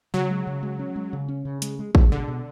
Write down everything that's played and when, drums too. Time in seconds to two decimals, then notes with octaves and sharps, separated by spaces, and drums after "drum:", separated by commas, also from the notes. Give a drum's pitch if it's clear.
0.14 C#3 F#3
0.30 G#3
0.47 C#3
0.63 G#3
0.79 C#4
0.96 G#3
1.13 C#3
1.28 C#4
1.45 C#3
1.62 G#3, drum: hi-hat
1.79 G#3
1.95 G#3, drum: kick
2.12 B2 D3
2.28 B2